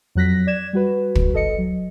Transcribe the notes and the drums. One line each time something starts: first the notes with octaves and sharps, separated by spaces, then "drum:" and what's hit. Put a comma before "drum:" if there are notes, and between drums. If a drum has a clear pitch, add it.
F2 F#3 F#6 A#6 B6
D5 G#6 E7
G3 F#4 B4
drum: kick
G1 A4 D#5 C#7
F#3